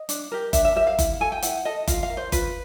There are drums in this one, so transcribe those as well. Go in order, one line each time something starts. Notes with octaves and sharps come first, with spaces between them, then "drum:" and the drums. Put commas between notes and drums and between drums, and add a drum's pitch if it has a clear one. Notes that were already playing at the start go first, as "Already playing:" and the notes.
Already playing: D#5
D4, drum: hi-hat
G4 A#4
D4 E5, drum: kick F#1, hi-hat
E5
G4 A#4 E5
F5
E4, drum: kick F#1, hi-hat
A4 G#5
G5
E4 F#5, drum: hi-hat
A4 D#5
F4 F5, drum: kick F#1, hi-hat
F5
A#4
C5
F4 B4, drum: kick F#1, hi-hat